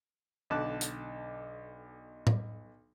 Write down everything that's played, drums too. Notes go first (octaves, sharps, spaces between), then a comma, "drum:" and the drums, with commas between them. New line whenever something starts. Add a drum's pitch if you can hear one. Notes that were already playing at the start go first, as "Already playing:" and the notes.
B1 D3 A5 D6 F#6
drum: hi-hat
drum: tom